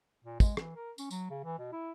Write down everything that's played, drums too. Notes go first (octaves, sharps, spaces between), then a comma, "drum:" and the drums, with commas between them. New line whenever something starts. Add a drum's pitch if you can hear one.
A#2
G#3, drum: kick, tambourine
E3, drum: rim click
A#4
C#4, drum: tambourine
F#3, drum: tambourine
C#3
E3
B2
E4